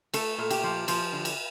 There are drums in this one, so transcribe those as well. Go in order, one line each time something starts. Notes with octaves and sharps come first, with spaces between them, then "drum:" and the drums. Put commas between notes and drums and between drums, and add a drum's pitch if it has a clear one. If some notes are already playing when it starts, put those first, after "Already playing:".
A3 A4, drum: cymbal
A#2
G4, drum: cymbal
F3
F3, drum: cymbal
D3
drum: cymbal